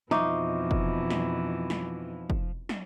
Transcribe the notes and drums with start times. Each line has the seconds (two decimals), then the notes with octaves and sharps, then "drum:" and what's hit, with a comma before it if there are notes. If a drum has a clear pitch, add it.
0.11 F2 B2 E3 F3 D#4 E5 C#6 D6, drum: snare
0.71 drum: kick
1.10 drum: snare
1.70 drum: snare
2.30 drum: kick
2.69 drum: snare